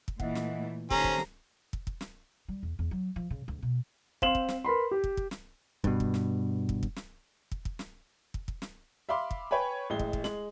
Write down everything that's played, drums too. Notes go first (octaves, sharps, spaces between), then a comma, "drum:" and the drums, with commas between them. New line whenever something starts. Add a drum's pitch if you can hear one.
drum: kick
A#2 E3 A3 D#5 E5 F#5, drum: kick
drum: snare
D#3 C#4 G4 A4 C5 A5 A#5, drum: kick
drum: kick
drum: snare
drum: kick
drum: kick
drum: snare
G3
E2
E2
F#3
F3
C#3
D2
B2
C4 F5 C6 E7 F#7, drum: kick
drum: kick
drum: snare
A#4 B4 B5 C6
G4
drum: kick
drum: kick
drum: snare
G2 B2, drum: kick
drum: kick
drum: snare
drum: kick
drum: kick
drum: snare
drum: kick
drum: kick
drum: snare
drum: kick
drum: kick
drum: snare
E5 F5 B5 C6 D6
drum: kick
B4 C#5 G5 G#5 B5
A1 G#3 G7
drum: kick
drum: kick
G#3 F#7, drum: snare